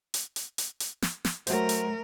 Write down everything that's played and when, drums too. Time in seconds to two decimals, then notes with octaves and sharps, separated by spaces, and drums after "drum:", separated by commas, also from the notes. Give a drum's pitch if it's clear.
0.14 drum: hi-hat
0.36 drum: hi-hat
0.58 drum: hi-hat
0.80 drum: hi-hat
1.02 drum: snare
1.25 drum: snare
1.47 F#3 A3 A#4 C5, drum: hi-hat
1.69 drum: hi-hat